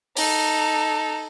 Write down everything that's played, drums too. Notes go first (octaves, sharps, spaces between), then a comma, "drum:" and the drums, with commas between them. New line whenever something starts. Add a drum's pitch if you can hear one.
D#4 A4, drum: open hi-hat